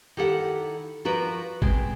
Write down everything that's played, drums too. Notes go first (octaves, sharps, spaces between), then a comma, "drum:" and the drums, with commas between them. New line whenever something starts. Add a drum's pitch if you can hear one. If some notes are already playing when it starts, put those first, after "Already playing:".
D#3 E4 G4 A4 F#5
F3 F#4 A#4 B4 D5
B2 G#3 C4, drum: kick G1